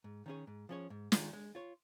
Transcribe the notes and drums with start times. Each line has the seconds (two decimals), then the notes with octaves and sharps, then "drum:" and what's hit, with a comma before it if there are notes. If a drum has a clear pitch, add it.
0.04 G#2
0.26 D#3 C#4 G#4 C#5
0.47 G#2
0.69 F3 C#4 G#4 C#5
0.90 G#2
1.12 D#3 G#3 F4, drum: snare
1.33 G#3
1.55 F4 C#5